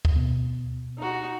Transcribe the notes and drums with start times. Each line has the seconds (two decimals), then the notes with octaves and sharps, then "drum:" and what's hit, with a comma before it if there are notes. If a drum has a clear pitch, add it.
0.05 drum: kick
0.16 B2
0.97 D#4 F#4